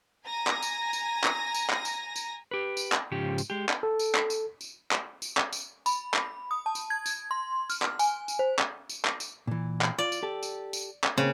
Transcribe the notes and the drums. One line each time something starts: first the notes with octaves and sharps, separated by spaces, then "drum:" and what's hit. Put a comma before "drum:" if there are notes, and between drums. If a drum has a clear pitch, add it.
G#5 A#5 A#6
drum: clap
drum: tambourine
drum: tambourine
drum: clap
drum: tambourine
drum: clap
drum: tambourine
drum: tambourine
G4 B4
drum: tambourine
drum: clap
G#2 C#3 F3 G4
drum: tambourine
G#3 G4
drum: clap
A4
drum: tambourine
drum: clap
drum: tambourine
drum: tambourine
drum: clap
drum: tambourine
drum: clap
drum: tambourine
B5, drum: tambourine
drum: clap
D#6
A5
drum: tambourine
G#6
drum: tambourine
C6
F6, drum: tambourine
drum: clap
G#5, drum: tambourine
drum: tambourine
C5
drum: clap
drum: tambourine
drum: clap
drum: tambourine
A#2 E3
drum: clap
F4 D5
drum: tambourine
G4 A4
drum: tambourine
drum: tambourine
drum: clap
C#3 A#3 C4